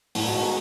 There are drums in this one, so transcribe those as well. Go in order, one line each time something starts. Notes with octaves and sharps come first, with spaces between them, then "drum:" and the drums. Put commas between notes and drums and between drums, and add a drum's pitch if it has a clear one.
A2, drum: open hi-hat
B2 D#3 G#3 D#4 F#4